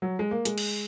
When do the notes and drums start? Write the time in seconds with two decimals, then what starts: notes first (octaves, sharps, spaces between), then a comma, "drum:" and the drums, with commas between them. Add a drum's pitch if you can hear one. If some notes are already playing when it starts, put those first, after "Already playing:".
0.02 F#3
0.19 G#3
0.31 A#3
0.45 G#3, drum: hi-hat
0.58 drum: cymbal